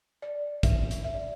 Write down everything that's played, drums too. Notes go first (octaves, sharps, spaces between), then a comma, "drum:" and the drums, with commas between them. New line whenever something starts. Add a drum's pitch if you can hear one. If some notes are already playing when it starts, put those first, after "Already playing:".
D5
E5, drum: kick, hi-hat
drum: hi-hat
E5
D5